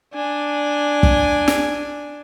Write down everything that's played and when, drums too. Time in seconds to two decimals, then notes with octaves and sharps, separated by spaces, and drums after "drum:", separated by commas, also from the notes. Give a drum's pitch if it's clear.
0.14 D4 G#5
1.03 drum: kick
1.48 drum: snare